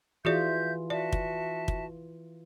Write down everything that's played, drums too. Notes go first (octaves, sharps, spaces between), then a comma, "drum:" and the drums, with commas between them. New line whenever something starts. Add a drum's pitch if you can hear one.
E3 F4 F#4 G#4 D5 E5 G6
F#4 D5 E5 A5
drum: kick
drum: kick